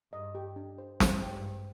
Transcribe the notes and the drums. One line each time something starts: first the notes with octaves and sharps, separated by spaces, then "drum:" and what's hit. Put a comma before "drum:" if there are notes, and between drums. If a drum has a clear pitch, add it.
G2 D#5
G4
D4
C5
G#2 C5, drum: snare
G5
G2
C5